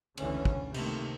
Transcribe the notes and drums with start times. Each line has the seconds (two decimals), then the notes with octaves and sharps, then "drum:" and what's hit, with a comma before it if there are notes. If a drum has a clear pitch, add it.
0.17 F1 C#2 D3 E3 C#4, drum: cymbal
0.45 drum: kick
0.74 C3 D#3 A3 A#3, drum: cymbal